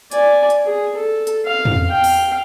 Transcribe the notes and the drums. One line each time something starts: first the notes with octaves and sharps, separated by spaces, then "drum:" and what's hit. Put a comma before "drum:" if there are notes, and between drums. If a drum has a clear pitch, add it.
D5 G#5, drum: hi-hat
drum: hi-hat
G#4
A4
drum: hi-hat
F5
drum: tom
F5 G5
drum: open hi-hat